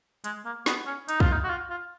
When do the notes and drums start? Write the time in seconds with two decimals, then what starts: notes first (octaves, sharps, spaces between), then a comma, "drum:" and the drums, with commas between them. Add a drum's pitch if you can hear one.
0.24 G#3, drum: hi-hat
0.45 A#3
0.66 B3, drum: snare
0.86 C#4
1.09 D#4, drum: hi-hat
1.20 F4, drum: kick
1.32 D#4
1.44 F#4
1.50 F4
1.70 F4